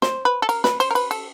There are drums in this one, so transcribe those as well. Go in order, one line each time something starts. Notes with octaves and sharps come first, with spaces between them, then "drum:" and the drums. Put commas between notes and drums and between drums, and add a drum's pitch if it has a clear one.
C5, drum: snare
B4
A4
A#4, drum: cymbal
B4, drum: snare
C5, drum: cymbal
A#4
B4, drum: cymbal
A4, drum: cymbal